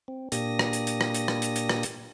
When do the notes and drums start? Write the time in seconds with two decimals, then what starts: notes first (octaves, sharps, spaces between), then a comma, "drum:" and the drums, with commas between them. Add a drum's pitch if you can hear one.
0.08 C4
0.32 A#2 A#3 D4 G4 D#6 A#6, drum: hi-hat
0.59 drum: rim click
0.73 drum: hi-hat
0.87 drum: hi-hat
1.01 drum: rim click
1.14 drum: hi-hat
1.28 drum: rim click
1.42 drum: hi-hat
1.56 drum: hi-hat
1.69 drum: rim click
1.83 drum: hi-hat